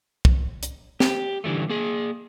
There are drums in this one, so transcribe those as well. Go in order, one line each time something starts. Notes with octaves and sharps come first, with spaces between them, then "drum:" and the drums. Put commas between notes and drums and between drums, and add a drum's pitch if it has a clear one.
drum: kick
drum: hi-hat
G4, drum: snare
D3 E3 G3 A3
A#3 G#4